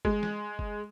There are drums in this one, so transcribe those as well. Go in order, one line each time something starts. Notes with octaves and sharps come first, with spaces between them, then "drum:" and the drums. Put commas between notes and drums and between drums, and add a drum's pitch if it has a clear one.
G#3, drum: kick F#1
drum: snare
drum: kick F#1